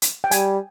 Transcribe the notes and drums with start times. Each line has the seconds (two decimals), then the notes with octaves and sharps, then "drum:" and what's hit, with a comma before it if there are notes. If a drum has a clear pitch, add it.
0.02 drum: hi-hat
0.24 G5
0.31 G3 G#5, drum: hi-hat